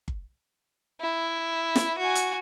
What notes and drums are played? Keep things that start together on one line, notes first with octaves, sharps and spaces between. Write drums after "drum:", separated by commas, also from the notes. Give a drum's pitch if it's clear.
drum: kick G1
E4
drum: snare
F#4 G#5
drum: hi-hat